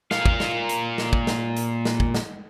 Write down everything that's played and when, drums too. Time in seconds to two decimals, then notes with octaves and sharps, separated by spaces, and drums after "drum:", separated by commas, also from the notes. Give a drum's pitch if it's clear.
0.11 A#2 F5, drum: snare
0.26 drum: kick
0.40 drum: snare
0.69 drum: hi-hat
0.98 drum: snare
1.13 drum: kick
1.27 drum: snare
1.56 drum: hi-hat
1.85 drum: snare
2.00 drum: kick
2.14 drum: snare